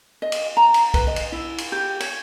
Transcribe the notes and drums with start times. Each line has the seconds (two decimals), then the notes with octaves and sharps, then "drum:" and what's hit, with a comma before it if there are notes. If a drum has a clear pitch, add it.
0.22 D#5
0.32 drum: cymbal
0.57 A#5
0.74 drum: cymbal
0.94 B4, drum: kick B1, cymbal
1.07 D#5
1.16 drum: cymbal
1.32 E4
1.58 drum: cymbal
1.72 G4
2.00 C#5, drum: cymbal